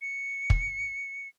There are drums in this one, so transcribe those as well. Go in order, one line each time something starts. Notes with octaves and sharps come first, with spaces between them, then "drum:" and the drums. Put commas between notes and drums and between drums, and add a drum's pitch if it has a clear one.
C#7
drum: kick